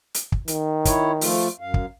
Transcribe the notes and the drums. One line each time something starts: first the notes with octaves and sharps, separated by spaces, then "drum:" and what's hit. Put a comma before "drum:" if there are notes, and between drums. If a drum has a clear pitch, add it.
drum: hi-hat
drum: kick
D#3, drum: hi-hat
E4 C#5, drum: kick, hi-hat
F3 A3 F4, drum: open hi-hat
F#2 F5
drum: kick